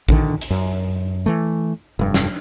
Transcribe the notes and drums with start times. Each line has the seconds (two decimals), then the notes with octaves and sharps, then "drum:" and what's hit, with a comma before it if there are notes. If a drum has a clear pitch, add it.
0.09 A#1 D3 D#3, drum: kick A1
0.41 drum: hi-hat
0.50 F#2
1.26 E3 A3
1.99 F1 G2
2.14 drum: snare